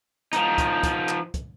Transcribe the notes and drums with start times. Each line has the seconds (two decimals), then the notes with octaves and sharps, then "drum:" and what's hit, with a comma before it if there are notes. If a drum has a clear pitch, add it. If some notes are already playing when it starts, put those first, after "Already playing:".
0.33 F3 D#4, drum: hi-hat
0.58 drum: kick, hi-hat
0.83 drum: kick, hi-hat
1.09 drum: clap
1.34 drum: kick, hi-hat